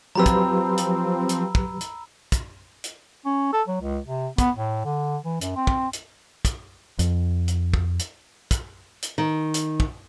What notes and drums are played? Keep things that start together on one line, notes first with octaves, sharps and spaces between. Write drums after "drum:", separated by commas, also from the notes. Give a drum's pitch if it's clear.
F3 F#3 C4 G4 B4 A#5 B5 E6
drum: kick, hi-hat
drum: hi-hat
drum: hi-hat
drum: kick
drum: hi-hat
drum: kick, hi-hat
drum: hi-hat
C#4
A4
F#3
C#2
C3
B3, drum: kick, hi-hat
A2
D3
E3
F#2, drum: hi-hat
C4
drum: kick
drum: hi-hat
drum: kick, hi-hat
F2, drum: hi-hat
drum: hi-hat
drum: kick
drum: hi-hat
drum: kick, hi-hat
drum: hi-hat
D#3
drum: hi-hat
drum: kick